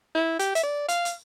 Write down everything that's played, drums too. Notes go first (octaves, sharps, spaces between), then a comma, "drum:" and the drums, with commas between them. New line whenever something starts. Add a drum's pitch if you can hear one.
E4
G4, drum: hi-hat
E5, drum: hi-hat
D5
F5, drum: hi-hat
drum: hi-hat